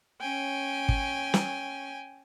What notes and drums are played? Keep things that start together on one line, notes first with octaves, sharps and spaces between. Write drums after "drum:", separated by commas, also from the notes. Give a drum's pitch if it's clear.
C#4 G5 G#5
drum: kick
drum: snare